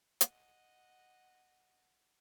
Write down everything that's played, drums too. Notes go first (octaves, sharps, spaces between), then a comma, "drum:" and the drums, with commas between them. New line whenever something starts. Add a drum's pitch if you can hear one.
D#5 F#5, drum: hi-hat